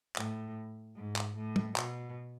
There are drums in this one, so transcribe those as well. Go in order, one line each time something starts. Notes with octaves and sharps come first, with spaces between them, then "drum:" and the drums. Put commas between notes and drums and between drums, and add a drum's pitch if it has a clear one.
A2, drum: clap
G#2
drum: clap
A2
drum: tom
B2, drum: clap